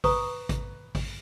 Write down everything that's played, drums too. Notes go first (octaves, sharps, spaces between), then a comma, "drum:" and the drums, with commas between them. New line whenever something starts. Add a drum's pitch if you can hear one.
B4 A#5 C#6 D#6, drum: kick G#1, open hi-hat
drum: kick G#1, hi-hat
drum: kick G#1, open hi-hat